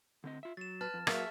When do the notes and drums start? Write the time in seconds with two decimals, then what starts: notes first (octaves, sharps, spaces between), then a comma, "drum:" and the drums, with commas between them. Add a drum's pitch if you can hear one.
0.24 D3 C4 D#5
0.43 F4 E5
0.57 F#3 A6 E7
0.81 B4 A5 F6 A6
0.94 F2
1.07 F#3 A#3 F#4 G#4 E5 C#6 F6, drum: rim click